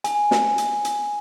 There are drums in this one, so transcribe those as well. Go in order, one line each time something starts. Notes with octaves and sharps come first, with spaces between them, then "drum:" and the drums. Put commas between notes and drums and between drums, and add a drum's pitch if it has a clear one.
G#5, drum: hi-hat
drum: snare
drum: hi-hat
drum: hi-hat